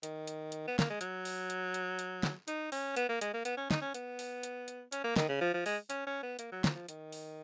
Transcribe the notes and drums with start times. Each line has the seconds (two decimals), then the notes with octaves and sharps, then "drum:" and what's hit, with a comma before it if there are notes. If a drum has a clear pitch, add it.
0.03 D#3, drum: hi-hat
0.27 drum: hi-hat
0.52 drum: hi-hat
0.68 B3
0.79 A#3, drum: snare
0.90 G#3
1.01 F#3, drum: hi-hat
1.25 drum: open hi-hat
1.50 drum: hi-hat
1.74 drum: hi-hat
1.99 drum: hi-hat
2.23 drum: snare
2.48 D#4, drum: hi-hat
2.72 C#4, drum: open hi-hat
2.96 B3, drum: hi-hat
3.09 A#3
3.21 G#3, drum: hi-hat
3.34 A#3
3.45 B3, drum: hi-hat
3.57 C#4
3.71 D#4, drum: snare
3.82 C#4
3.94 B3, drum: hi-hat
4.19 drum: open hi-hat
4.43 drum: hi-hat
4.68 drum: hi-hat
4.92 C#4, drum: hi-hat
5.04 A#3
5.16 D#3, drum: snare
5.29 C#3
5.41 F3
5.54 F3
5.66 G#3, drum: open hi-hat
5.90 C#4, drum: hi-hat
6.07 C#4
6.23 B3
6.39 A#3, drum: hi-hat
6.52 F#3
6.64 F3, drum: snare
6.75 F3
6.89 D#3, drum: hi-hat
7.12 drum: open hi-hat